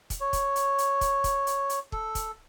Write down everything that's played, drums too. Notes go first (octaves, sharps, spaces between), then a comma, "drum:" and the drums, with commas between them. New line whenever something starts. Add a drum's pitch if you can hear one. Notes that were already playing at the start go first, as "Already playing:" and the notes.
drum: kick, hi-hat
C#5
drum: kick, hi-hat
drum: hi-hat
drum: hi-hat
drum: kick, hi-hat
drum: kick, hi-hat
drum: hi-hat
drum: hi-hat
A4, drum: kick
drum: kick, hi-hat